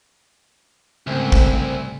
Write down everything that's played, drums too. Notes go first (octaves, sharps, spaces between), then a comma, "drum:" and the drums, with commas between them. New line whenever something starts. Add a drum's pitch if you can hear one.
C2 G#2 C#3 A3 C4 E5 G#5
drum: kick